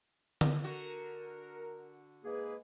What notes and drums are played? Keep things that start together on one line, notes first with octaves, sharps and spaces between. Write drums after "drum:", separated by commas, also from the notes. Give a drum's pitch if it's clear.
drum: tom D3
D3 F#4 A#4
G#2 G#3 A#3 G#4 B4